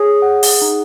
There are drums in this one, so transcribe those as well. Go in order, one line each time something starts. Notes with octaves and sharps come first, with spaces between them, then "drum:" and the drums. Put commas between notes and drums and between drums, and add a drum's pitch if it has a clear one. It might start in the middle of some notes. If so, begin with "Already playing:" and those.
Already playing: G#4 C#5
F#5
drum: open hi-hat
D#4